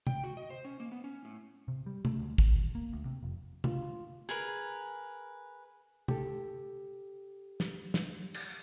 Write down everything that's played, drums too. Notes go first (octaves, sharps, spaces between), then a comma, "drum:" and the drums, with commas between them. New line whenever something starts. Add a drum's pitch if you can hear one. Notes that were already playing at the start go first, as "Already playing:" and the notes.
G5, drum: tom C3
F#4
D#5
C5
C#4
A#3
B3
C#4
A2
C3
G3
A3, drum: tom C3
D2
D3, drum: kick
D#1
A#3
D2
C3
F1
F4, drum: tom C3
G#4 A#4 B4
G4 A4, drum: tom C3
drum: snare
drum: snare
drum: cymbal